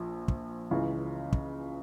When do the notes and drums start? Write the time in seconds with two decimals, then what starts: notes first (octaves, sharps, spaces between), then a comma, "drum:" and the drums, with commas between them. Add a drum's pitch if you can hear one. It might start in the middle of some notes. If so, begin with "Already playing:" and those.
Already playing: A#1 F3
0.28 drum: kick
0.70 C#2 C#3 E3
1.33 drum: kick